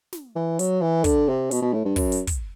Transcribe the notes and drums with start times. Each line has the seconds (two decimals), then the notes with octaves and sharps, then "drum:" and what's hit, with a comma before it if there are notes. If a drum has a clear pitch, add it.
0.13 drum: snare
0.35 E3
0.59 F#3, drum: hi-hat
0.81 E3
1.04 D3, drum: kick, hi-hat
1.28 C3
1.51 B2, drum: hi-hat
1.61 B2
1.74 A2
1.85 G2
1.96 F#2, drum: kick, open hi-hat
2.12 drum: hi-hat
2.27 drum: kick, hi-hat